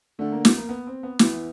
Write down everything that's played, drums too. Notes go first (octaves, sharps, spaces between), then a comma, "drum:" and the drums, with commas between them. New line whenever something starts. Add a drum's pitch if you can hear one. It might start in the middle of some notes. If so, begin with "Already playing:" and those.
D3 A3
A#3
B3, drum: snare
A#3
B3
C4
B3
E3 B3, drum: snare